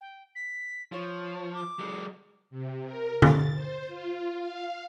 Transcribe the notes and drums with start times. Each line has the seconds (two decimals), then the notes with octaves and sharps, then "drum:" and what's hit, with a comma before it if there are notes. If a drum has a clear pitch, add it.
0.01 G5
0.35 B6
0.92 F3 C#5
1.54 D6
1.79 F#3 G#3
2.50 C3
2.85 A#4
3.22 A6, drum: tom D3
3.53 C5
3.88 F4
4.37 F5